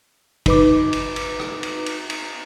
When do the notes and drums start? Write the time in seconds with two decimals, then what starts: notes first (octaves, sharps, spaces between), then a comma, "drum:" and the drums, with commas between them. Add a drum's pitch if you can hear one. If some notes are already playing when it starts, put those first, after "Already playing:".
0.46 D#4 B4 D6, drum: kick, cymbal
0.93 drum: cymbal
1.16 drum: cymbal
1.39 drum: rim click
1.63 drum: cymbal
1.86 drum: cymbal
2.10 drum: cymbal